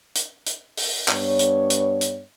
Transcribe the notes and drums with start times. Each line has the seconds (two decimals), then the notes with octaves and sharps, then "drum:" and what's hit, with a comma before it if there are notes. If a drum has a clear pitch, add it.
0.15 drum: hi-hat
0.46 drum: hi-hat
0.77 drum: open hi-hat
1.08 G2 B3 C#5, drum: clap
1.39 drum: hi-hat
1.70 drum: hi-hat
2.01 drum: hi-hat